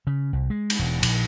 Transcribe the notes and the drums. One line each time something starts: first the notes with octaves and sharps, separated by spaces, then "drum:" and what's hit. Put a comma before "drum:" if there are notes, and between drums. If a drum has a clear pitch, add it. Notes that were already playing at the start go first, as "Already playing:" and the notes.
C#3
C2
G#3
drum: cymbal
E1
A#1, drum: cymbal